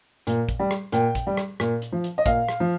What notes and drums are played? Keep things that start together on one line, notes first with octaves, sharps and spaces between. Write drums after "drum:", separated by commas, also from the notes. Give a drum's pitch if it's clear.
A#2, drum: hi-hat
drum: kick, hi-hat
G3
drum: rim click
A#2 G5, drum: hi-hat
drum: kick, hi-hat
G3
drum: rim click
A#2, drum: rim click
drum: hi-hat
F3
drum: hi-hat
D#5
A#2 F5, drum: kick, hi-hat
drum: rim click
F3